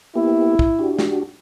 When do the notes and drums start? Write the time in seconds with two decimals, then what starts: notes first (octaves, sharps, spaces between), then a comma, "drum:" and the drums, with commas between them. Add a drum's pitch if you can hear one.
0.15 A#3 B3 E4 G4
0.59 drum: kick
0.79 D4 F#4 G4
0.99 drum: snare